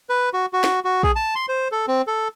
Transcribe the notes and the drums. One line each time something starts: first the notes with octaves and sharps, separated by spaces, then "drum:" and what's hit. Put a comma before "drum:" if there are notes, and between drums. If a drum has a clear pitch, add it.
B4
F#4
F#4
drum: snare
F#4
G#4, drum: kick
A5
C6
C5
A4
C4
A4